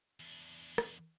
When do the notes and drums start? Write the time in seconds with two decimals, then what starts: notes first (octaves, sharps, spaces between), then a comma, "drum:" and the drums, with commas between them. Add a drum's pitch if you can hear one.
0.20 E2 D4
0.78 drum: rim click